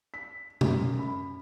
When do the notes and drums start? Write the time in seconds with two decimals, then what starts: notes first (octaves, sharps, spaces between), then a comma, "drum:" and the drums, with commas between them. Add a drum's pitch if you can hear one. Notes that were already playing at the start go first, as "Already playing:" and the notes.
0.14 B6
0.61 F#2, drum: tom B2
0.99 B5